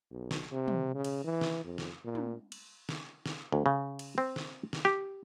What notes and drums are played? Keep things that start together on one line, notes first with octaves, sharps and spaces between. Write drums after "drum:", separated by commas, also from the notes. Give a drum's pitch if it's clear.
B1
drum: snare
C3
drum: tom
C#3
drum: cymbal
E3
drum: snare
F2
drum: snare
A#2
drum: tom
drum: cymbal
drum: snare
drum: snare
D2
C#3
drum: cymbal
C4
drum: snare
drum: snare
G4